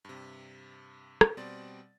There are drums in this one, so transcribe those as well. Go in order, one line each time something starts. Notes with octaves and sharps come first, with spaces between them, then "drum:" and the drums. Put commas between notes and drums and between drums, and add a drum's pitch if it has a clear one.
G2 C3
drum: rim click
B2 G3 C4 D5 C6 A6